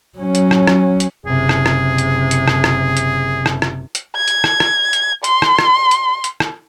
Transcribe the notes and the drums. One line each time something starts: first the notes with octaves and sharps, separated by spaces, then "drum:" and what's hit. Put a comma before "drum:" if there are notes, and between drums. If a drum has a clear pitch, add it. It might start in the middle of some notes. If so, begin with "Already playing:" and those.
F#3 C#4
drum: hi-hat
drum: rim click
drum: rim click
drum: hi-hat
F#1 C3 G#4
drum: rim click
drum: rim click
drum: hi-hat
drum: hi-hat
drum: rim click
drum: rim click
drum: hi-hat
drum: rim click
drum: rim click
drum: hi-hat
G#6
drum: hi-hat
drum: rim click
drum: rim click
drum: hi-hat
C6, drum: hi-hat
drum: rim click
drum: rim click
drum: hi-hat
drum: hi-hat
drum: rim click